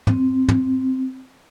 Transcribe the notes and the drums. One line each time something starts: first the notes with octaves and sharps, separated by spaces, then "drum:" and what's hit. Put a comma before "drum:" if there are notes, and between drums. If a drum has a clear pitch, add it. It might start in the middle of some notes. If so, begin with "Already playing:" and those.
C4, drum: tom
drum: tom